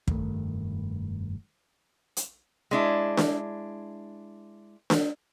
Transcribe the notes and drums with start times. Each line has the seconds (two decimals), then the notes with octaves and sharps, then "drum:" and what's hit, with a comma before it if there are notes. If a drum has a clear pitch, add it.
0.08 F1 G2 D#3 A3, drum: kick
2.17 drum: hi-hat
2.71 G#3 D4 E4
3.17 drum: snare D4
4.90 drum: snare D4